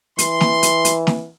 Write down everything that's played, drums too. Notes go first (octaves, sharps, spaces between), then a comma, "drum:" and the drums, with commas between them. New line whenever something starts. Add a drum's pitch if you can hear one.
E3 C6, drum: hi-hat
drum: snare
drum: hi-hat
drum: hi-hat
drum: snare